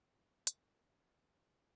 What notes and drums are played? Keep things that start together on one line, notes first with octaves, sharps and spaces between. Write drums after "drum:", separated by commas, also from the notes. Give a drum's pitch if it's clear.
F4 C#5, drum: hi-hat